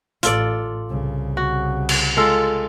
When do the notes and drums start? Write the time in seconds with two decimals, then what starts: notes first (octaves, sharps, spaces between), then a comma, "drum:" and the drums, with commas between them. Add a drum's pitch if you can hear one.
0.23 A1 F4 A4 D5, drum: hi-hat
0.89 C2 C#3
1.37 F#4
1.89 drum: cymbal
2.17 G#3 F4 A4